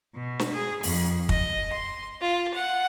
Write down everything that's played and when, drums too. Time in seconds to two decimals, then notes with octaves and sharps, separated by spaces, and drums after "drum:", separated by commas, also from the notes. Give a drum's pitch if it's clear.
0.13 B2
0.39 drum: snare
0.53 G#4
0.83 F2, drum: open hi-hat
1.29 D#5, drum: kick
1.72 C6
2.20 F4
2.54 F#5